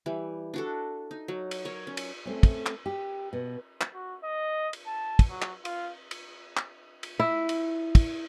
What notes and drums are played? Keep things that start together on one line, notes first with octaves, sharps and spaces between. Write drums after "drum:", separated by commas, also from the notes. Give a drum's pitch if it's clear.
E3 G3
D4 F#4 A4
D#4
F#3
drum: cymbal
A#4 C#5
C#4
drum: cymbal
A3 C4 C#4
drum: kick, cymbal
drum: clap
G4
B2
drum: clap
F#4
D#5
drum: cymbal
A5
drum: kick, cymbal
F#3
drum: clap
F4, drum: cymbal
drum: cymbal
drum: clap
drum: cymbal
E4
drum: cymbal
drum: kick, cymbal